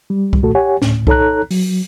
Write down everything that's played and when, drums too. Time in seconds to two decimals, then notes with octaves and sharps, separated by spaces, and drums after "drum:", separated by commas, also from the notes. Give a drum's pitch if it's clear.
0.10 G3
0.33 drum: kick C2
0.43 D#2 A#2 A3 F#4 A4
0.55 G4 C#5 F#5 G#5
0.82 D2 A2, drum: snare C#4
1.07 D#4 A4 C#5 A#5 F#6, drum: kick C2
1.51 F#3, drum: open hi-hat